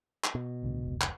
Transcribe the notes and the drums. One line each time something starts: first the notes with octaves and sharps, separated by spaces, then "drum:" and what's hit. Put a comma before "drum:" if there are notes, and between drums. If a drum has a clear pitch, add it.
drum: clap
B2
C2 A2 D3
F1 C#2
drum: clap